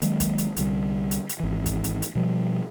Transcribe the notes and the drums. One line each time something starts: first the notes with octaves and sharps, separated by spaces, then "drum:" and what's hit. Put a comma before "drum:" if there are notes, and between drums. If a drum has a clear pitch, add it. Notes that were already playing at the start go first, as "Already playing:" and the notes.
D#3 F#3 G#3 A#3, drum: hi-hat
drum: kick, hi-hat
drum: hi-hat
C2 D3 F3 G3, drum: hi-hat
drum: hi-hat
drum: hi-hat
G#1 E3
drum: kick, hi-hat
drum: hi-hat
drum: hi-hat
B2 F3 G3